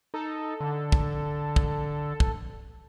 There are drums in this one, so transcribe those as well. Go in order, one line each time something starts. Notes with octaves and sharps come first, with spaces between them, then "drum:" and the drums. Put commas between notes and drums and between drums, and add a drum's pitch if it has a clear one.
D#4 A4
D3
drum: kick
drum: kick
drum: kick